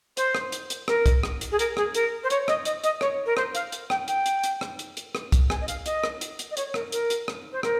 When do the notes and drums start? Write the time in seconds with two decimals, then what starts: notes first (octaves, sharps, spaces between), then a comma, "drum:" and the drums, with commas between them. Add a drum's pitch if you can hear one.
0.17 C5, drum: hi-hat
0.35 drum: rim click
0.52 drum: hi-hat
0.70 drum: hi-hat
0.88 A#4, drum: rim click
1.06 drum: kick, hi-hat
1.23 drum: rim click
1.41 drum: hi-hat
1.52 G#4
1.59 A#4, drum: hi-hat
1.77 G#4, drum: rim click
1.94 A#4, drum: hi-hat
2.24 C5
2.30 C#5, drum: hi-hat
2.48 D#5, drum: rim click
2.65 D#5, drum: hi-hat
2.84 D#5, drum: hi-hat
3.01 C#5, drum: rim click
3.26 A#4
3.37 C5, drum: rim click
3.55 F5, drum: hi-hat
3.72 drum: hi-hat
3.90 G5, drum: rim click
4.08 G5, drum: hi-hat
4.26 drum: hi-hat
4.44 drum: hi-hat
4.61 drum: rim click
4.79 drum: hi-hat
4.97 drum: hi-hat
5.15 drum: rim click
5.32 drum: kick, hi-hat
5.50 G#5, drum: rim click
5.61 D#5
5.68 F5, drum: hi-hat
5.86 D#5, drum: hi-hat
6.04 drum: rim click
6.21 drum: hi-hat
6.39 drum: hi-hat
6.51 D#5
6.57 C#5, drum: hi-hat
6.74 A#4, drum: rim click
6.92 A#4, drum: hi-hat
7.10 drum: hi-hat
7.28 drum: rim click
7.52 C5
7.63 A#4, drum: rim click